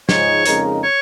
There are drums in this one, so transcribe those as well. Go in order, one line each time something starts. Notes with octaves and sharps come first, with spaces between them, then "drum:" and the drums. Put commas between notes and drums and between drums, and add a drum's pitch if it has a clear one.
G#2 F3 G#3 D#4 C#5, drum: snare
F2 C#3 G#3 D#4 A#4, drum: hi-hat
C#5